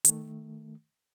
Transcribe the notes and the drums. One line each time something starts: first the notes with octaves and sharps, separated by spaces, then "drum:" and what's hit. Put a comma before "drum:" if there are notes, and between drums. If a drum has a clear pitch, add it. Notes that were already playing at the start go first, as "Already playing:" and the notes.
D#3 A3, drum: hi-hat